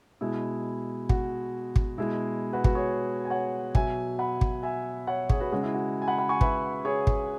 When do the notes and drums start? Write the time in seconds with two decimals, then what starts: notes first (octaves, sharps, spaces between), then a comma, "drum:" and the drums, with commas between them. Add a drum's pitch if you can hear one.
0.21 B2 G#3 E4
1.09 F#4, drum: kick
1.76 drum: kick
1.98 B2 G#3 E4
2.53 F#4 B4
2.64 F#4 B4, drum: kick
2.75 G#4 C#5
3.25 G#5
3.30 C#5 F#5
3.75 B2 F#3 E5 G#5, drum: kick
4.19 F#5 B5
4.41 drum: kick
4.63 E5 G#5
5.07 C#5 F#5
5.30 G#4 C#5, drum: kick
5.40 F#4 B4
5.52 C#3 G#3 F#4
5.63 E4
5.74 F#4
6.02 G#5
6.07 F#5 B5
6.18 F#5 B5
6.29 G#5 C#6
6.41 B4 E5, drum: kick
6.85 G#4 C#5
7.07 drum: kick